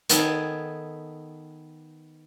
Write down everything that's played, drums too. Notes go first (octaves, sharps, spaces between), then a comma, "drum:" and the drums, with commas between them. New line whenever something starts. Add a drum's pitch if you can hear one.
D#3 B3 A4 G5 G#5, drum: hi-hat